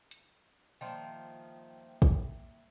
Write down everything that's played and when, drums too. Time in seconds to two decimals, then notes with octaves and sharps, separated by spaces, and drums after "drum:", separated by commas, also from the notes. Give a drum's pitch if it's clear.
0.11 drum: hi-hat
0.81 D#3 F3 G3 A#3 E5 G5 A5 C6
2.02 drum: kick